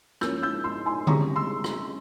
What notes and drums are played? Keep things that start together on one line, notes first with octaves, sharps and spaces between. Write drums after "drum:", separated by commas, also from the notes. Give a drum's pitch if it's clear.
F3 A#3 C#4 E6 G6, drum: rim click
E6 G6
C6 E6
G#5 C6
C#3 G3 C4 A#5 C#6, drum: tom D3
C6 E6
drum: rim click